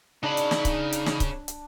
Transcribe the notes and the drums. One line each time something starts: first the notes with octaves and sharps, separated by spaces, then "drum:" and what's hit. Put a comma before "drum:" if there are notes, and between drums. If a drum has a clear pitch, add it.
C#3 D4 D#4 B5
drum: hi-hat
drum: snare
drum: kick C#1, hi-hat
drum: hi-hat
drum: snare
drum: kick C#1, hi-hat
drum: hi-hat